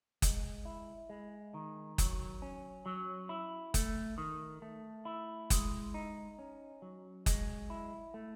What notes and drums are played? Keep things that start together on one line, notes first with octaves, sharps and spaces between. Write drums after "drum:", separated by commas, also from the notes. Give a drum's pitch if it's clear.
G#3, drum: kick F#1, hi-hat
E4
G#3
D#3
F#3, drum: kick F#1, hi-hat
C#4
F#3
E4
A3, drum: kick F#1, hi-hat
D#3
A3
E4
G#3, drum: kick F#1, hi-hat
D#4
C#4
F#3
G#3, drum: kick F#1, hi-hat
E4
A3